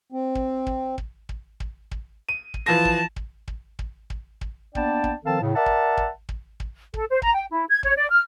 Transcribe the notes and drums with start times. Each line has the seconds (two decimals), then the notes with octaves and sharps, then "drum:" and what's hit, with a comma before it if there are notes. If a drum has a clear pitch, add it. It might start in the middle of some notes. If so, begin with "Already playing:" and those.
0.12 C4
0.35 drum: kick
0.67 drum: kick
0.98 drum: kick
1.29 drum: kick
1.60 drum: kick
1.91 drum: kick
2.29 D#7
2.54 drum: kick
2.66 E3 F3 A5 A#6
2.85 drum: kick
3.16 drum: kick
3.48 drum: kick
3.79 drum: kick
4.10 drum: kick
4.41 drum: kick
4.75 A#3 B3 D4 D5 G5 A5, drum: kick
5.04 drum: kick
5.25 D#3 F3 C4 A4 F5 A5
5.41 A2 C#3
5.55 A#4 D5 E5 F#5 A5
5.66 drum: kick
5.97 drum: kick
6.29 drum: kick
6.60 drum: kick
6.94 A4, drum: kick
7.09 C5
7.22 A#5, drum: kick
7.35 G5
7.50 E4
7.69 G#6
7.83 C#5, drum: kick
7.97 D5
8.10 F6